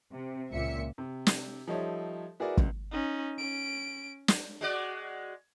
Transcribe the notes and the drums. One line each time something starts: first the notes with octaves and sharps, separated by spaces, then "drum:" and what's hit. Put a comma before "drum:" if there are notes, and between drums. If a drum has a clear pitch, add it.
C3
C#2 A#2 E5 C#7
C3
drum: snare
F3 G3 D#4 A4 C#5 E5
E4 F#4 G#4 A#4 B4 D5
C#2, drum: kick
C#4 D#4
C#4 D7
drum: snare
G#3 F#4 D5